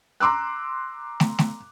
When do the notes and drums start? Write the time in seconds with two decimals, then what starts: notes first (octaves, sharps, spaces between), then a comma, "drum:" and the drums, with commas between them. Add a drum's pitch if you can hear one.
0.20 A#5 C6 D6 E6 F#6
1.20 drum: snare
1.39 drum: snare